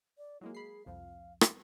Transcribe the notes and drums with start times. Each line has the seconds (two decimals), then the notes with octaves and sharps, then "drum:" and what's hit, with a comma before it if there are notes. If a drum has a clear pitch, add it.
0.18 D5
0.41 F#3 G#3 A#3 E4
0.55 G#4 B5 C7
0.86 C2 F2 F3 F5
1.41 drum: rim click